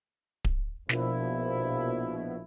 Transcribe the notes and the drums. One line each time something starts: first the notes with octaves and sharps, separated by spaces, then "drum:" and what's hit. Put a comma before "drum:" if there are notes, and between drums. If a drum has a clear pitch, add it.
drum: kick D1
A#1 B2 F3 E4, drum: snare